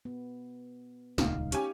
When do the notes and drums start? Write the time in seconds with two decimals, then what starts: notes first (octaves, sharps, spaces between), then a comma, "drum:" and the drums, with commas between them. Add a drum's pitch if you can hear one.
0.05 B3
1.18 D#1 C#2 D#4 F5, drum: snare
1.52 C#4 G4 G#5, drum: hi-hat